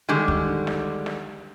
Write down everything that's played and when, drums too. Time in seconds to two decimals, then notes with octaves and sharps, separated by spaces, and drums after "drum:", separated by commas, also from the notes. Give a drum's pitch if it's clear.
0.09 D3 D#3 G3 G#3
0.28 drum: kick
0.67 drum: snare
1.06 drum: snare